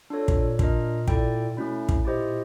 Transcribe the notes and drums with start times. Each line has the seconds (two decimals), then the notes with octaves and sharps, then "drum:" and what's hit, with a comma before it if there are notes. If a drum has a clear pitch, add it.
0.10 D4 F4 A4 C#5
0.28 B2, drum: kick
0.34 A#2
0.59 D4 F4 A#4 D#5, drum: kick
1.08 E4 A4 D5 G5, drum: kick
1.49 A#2
1.56 B2 A3 C#4 E4
1.89 A2, drum: kick
2.05 A#2 E4 G4 C5 D#5
2.22 A#2